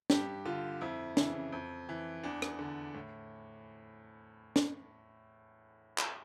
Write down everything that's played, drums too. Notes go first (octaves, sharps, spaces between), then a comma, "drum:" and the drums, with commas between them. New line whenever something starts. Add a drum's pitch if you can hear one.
G2 G4, drum: snare
D3 F4
F2 E4
C#3 E3, drum: snare
F2
E3
E2 D4
drum: rim click
D3
A2
drum: snare
drum: clap